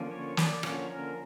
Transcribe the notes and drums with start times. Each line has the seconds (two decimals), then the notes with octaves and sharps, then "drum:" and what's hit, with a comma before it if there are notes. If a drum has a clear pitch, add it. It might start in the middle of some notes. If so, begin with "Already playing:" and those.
Already playing: D3 F3 A#3 C#4
0.11 C#5
0.37 D5, drum: snare
0.63 D3 F3 A#3 C#4 C#5, drum: rim click
0.90 A#4